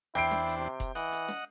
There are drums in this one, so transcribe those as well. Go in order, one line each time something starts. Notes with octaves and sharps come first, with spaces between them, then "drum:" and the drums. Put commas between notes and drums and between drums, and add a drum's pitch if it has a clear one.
E2 D4 E4 C5 G5 C7 D7, drum: hi-hat
drum: snare
drum: hi-hat
C3
drum: kick F1, hi-hat
E3 D#5 F#5, drum: hi-hat
drum: hi-hat
drum: snare